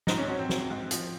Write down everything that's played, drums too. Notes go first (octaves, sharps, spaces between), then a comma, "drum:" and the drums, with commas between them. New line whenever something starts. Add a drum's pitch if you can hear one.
G#2 D#4, drum: snare
C#4
F#3 C#4
C4
F#3, drum: snare
G#2
F3, drum: hi-hat